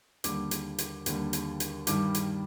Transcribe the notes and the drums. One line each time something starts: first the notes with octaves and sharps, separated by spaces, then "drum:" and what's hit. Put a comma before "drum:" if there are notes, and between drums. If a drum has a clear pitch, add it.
D#2 D3 G3 D6, drum: hi-hat
drum: hi-hat
drum: hi-hat
D#2 D3 G3, drum: hi-hat
drum: hi-hat
drum: hi-hat
G2 D#3 G3 D6, drum: hi-hat
drum: hi-hat